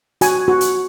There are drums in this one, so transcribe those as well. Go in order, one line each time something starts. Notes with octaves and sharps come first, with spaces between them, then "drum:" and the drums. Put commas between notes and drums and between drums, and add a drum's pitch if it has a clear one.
F#4 G#5, drum: hi-hat
F#4
drum: hi-hat